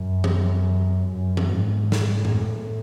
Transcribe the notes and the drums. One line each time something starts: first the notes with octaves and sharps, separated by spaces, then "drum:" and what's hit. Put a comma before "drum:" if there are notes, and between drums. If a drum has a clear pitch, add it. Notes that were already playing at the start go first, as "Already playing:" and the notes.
Already playing: F#2
drum: tom E3
F#2
drum: tom E3
G#2
drum: snare
A2, drum: tom F#2